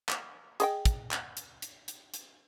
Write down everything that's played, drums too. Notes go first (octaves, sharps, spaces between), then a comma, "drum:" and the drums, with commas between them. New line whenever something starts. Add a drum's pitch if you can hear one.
drum: clap
G#4 D#5 G5, drum: hi-hat
drum: kick, hi-hat
drum: clap
drum: hi-hat
drum: hi-hat
drum: hi-hat
drum: hi-hat